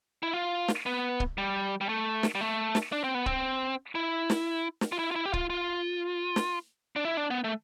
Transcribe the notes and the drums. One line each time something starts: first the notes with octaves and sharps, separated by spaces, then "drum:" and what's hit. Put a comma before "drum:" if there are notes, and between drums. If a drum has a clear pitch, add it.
E4
F4
drum: snare
B3
drum: kick C#1
G3
G3
A3
drum: snare
G3
A3
drum: snare
D4
C4
B3
C4, drum: kick C#1
E4
drum: snare
drum: snare
F4
E4
F4
E4
G4
F4, drum: kick C#1
F4
drum: snare
D4
E4
D4
B3
A3